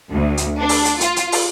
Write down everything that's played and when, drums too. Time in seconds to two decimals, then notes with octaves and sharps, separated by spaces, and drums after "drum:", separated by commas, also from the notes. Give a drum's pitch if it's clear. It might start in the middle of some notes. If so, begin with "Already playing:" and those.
0.12 D2
0.37 drum: hi-hat
0.59 D4
0.69 drum: open hi-hat
0.85 drum: hi-hat
1.01 F4, drum: hi-hat
1.16 drum: hi-hat
1.32 drum: open hi-hat